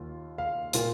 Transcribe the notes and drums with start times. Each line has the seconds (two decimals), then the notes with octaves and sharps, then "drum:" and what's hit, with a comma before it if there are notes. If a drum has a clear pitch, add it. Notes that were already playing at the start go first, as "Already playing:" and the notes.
Already playing: D#2 D#3 F4
0.38 F5
0.73 A#2 A#3 F4, drum: hi-hat